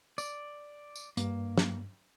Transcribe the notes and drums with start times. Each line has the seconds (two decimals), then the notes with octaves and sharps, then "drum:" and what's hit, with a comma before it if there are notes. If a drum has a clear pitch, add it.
0.18 D5, drum: tambourine
0.96 drum: tambourine
1.17 G2 A#3, drum: hi-hat
1.58 drum: snare